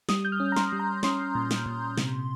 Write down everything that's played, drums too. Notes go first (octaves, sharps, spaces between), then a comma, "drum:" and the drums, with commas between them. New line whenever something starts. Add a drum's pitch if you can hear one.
G3 D#6, drum: snare
G6
F6
C#4
A#5
C6, drum: snare
G3
A#5
C#4 C6, drum: snare
A#2
drum: snare
A#2
C3, drum: snare